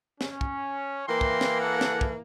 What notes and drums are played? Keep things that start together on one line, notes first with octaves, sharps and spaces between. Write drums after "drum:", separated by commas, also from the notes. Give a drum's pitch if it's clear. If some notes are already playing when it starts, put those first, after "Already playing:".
C#4, drum: snare
drum: kick
E3 A#3 G5 C6
drum: kick
drum: snare
A4 F#5
drum: snare
drum: kick